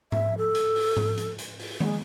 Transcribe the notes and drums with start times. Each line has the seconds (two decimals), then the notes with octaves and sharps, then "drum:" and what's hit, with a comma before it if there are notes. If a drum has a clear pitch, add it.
0.12 E5, drum: tom G#2
0.38 A4
0.55 drum: hi-hat
0.76 drum: open hi-hat
0.97 drum: tom G#2
1.18 drum: hi-hat
1.39 drum: hi-hat
1.59 drum: open hi-hat
1.80 G#3, drum: tom D#3